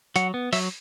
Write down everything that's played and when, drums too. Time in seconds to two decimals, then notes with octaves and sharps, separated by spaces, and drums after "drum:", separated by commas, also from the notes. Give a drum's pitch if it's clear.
0.16 F#3 F#5, drum: hi-hat
0.34 B3
0.53 F#3 E5, drum: open hi-hat